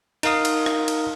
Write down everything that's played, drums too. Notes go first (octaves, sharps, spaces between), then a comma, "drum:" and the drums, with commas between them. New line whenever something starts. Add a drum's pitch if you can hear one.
D#4 A#4 F5 D#6, drum: cymbal
drum: cymbal
drum: rim click
drum: cymbal